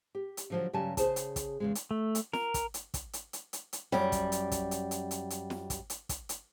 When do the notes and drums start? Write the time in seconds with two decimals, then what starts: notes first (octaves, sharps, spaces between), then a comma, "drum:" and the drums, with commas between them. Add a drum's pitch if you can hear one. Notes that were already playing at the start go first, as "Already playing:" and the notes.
0.15 G4
0.37 drum: hi-hat
0.50 D3 F3 F#3
0.73 G2 C#3 F#3 G3 G#5 A5
0.97 C#3 G#4 C5 A5, drum: kick, hi-hat
1.16 drum: hi-hat
1.36 drum: kick, hi-hat
1.60 E2 C#3 G#3
1.75 drum: hi-hat
1.91 A3
2.15 drum: hi-hat
2.33 A#4, drum: snare
2.54 drum: kick, hi-hat
2.74 drum: hi-hat
2.94 drum: kick, hi-hat
3.13 drum: hi-hat
3.33 drum: hi-hat
3.53 drum: hi-hat
3.73 drum: hi-hat
3.92 F#2 G3, drum: snare
4.12 drum: kick, hi-hat
4.32 drum: hi-hat
4.52 drum: kick, hi-hat
4.71 drum: hi-hat
4.91 drum: hi-hat
5.11 drum: hi-hat
5.30 drum: hi-hat
5.50 drum: snare
5.70 drum: kick, hi-hat
5.90 drum: hi-hat
6.09 drum: kick, hi-hat
6.29 drum: hi-hat